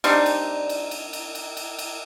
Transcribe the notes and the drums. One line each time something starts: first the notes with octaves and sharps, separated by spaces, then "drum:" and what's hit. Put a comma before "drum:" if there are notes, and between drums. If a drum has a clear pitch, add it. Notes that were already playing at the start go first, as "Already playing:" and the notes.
G3 C4 D4 D#4, drum: cymbal
drum: cymbal
drum: cymbal
drum: cymbal
drum: cymbal
drum: cymbal
drum: cymbal
drum: cymbal